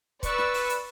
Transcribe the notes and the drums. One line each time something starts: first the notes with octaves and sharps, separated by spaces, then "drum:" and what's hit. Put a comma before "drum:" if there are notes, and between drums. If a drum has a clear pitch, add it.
B4 D5 C#6 E6, drum: kick C#1, hi-hat
drum: snare
drum: open hi-hat
drum: hi-hat